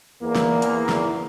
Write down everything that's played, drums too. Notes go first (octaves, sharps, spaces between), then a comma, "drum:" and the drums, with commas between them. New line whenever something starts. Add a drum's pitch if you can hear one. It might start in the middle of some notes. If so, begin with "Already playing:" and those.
E2 A#3
drum: snare
drum: hi-hat
drum: snare